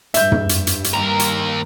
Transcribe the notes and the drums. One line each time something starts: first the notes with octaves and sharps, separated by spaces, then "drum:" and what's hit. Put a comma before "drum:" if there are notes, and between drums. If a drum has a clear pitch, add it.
G2 E5 G6, drum: hi-hat
drum: tom
drum: hi-hat
drum: hi-hat
drum: hi-hat
D#2 A#4
drum: hi-hat